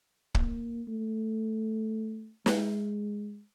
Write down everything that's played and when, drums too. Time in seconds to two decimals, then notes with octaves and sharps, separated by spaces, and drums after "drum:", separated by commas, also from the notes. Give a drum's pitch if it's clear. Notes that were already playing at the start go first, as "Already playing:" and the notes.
0.35 A#3, drum: kick
0.88 A3
2.46 G#3, drum: snare